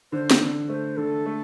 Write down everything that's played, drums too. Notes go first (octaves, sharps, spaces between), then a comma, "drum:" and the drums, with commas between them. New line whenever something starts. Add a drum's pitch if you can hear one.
D3 C5
drum: snare
D3
A3 C5
D3 A4
A3